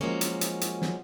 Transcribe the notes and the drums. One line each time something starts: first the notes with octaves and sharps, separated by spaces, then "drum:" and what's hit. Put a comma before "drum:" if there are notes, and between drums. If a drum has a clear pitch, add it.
F3 F#3 G#3 A#3 C#4
drum: hi-hat
drum: hi-hat
drum: hi-hat
drum: snare